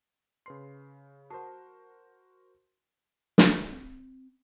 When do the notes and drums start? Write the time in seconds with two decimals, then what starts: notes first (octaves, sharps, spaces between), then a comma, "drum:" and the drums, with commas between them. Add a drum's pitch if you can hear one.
0.46 C#3 B4 C6 C7
1.30 F#4 A#4 C5 F#5 A5 D#6
3.38 drum: snare
3.72 C4